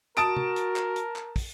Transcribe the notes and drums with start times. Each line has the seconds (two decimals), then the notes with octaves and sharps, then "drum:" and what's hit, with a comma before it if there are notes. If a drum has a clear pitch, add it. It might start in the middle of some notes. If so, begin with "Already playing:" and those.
0.17 F#4 A#4 A5 D#6 D7, drum: hi-hat
0.37 drum: tom
0.56 drum: hi-hat
0.76 drum: clap
0.96 drum: hi-hat
1.16 drum: clap
1.36 drum: kick, open hi-hat